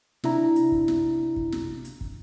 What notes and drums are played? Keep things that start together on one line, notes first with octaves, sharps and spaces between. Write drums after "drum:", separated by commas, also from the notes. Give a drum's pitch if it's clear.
C3 D4 E4 A#5, drum: snare
drum: hi-hat
drum: kick
drum: snare
drum: kick
drum: snare
drum: hi-hat
drum: kick